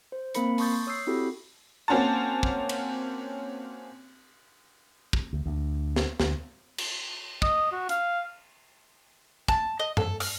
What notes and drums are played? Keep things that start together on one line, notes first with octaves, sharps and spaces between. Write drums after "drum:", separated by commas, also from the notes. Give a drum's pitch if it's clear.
C5
A#3 C4 A#4 B5 C#7, drum: hi-hat
A5 C6 C#6 D#6 G6 A6, drum: open hi-hat
C#5 D#6 E6 G6 C7
C4 E4 F#4 G4 A4
A#3 C4 C#4 F#4 A5
drum: kick
drum: cymbal
drum: kick
D2
D2
drum: snare
D2, drum: snare
drum: cymbal
D#5, drum: kick
F#4
F5, drum: hi-hat
A5, drum: kick
D#5
A4, drum: tom G2
F6, drum: open hi-hat